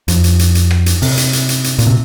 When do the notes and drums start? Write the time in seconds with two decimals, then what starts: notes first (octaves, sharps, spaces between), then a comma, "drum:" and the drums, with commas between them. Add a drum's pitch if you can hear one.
0.08 F2, drum: hi-hat
0.24 drum: hi-hat
0.39 drum: hi-hat
0.55 drum: hi-hat
0.71 drum: rim click
0.86 drum: hi-hat
1.02 C3, drum: open hi-hat
1.17 drum: hi-hat
1.33 drum: hi-hat
1.49 drum: hi-hat
1.64 drum: hi-hat
1.79 A#2, drum: hi-hat
1.87 C3